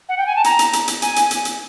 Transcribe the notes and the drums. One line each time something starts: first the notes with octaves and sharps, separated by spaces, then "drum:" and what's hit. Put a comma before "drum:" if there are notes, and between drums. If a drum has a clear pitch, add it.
F#5
G5
G#5
A5
A#5, drum: hi-hat
drum: hi-hat
drum: hi-hat
drum: hi-hat
G#5, drum: hi-hat
drum: hi-hat
drum: hi-hat
drum: hi-hat